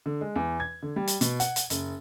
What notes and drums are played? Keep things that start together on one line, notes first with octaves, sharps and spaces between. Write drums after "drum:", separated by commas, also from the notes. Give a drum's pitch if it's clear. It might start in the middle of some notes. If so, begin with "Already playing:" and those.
D3
G#3
E2
G#6
D3
G3
drum: hi-hat
B2, drum: hi-hat
F#5, drum: hi-hat
drum: hi-hat
F#1, drum: hi-hat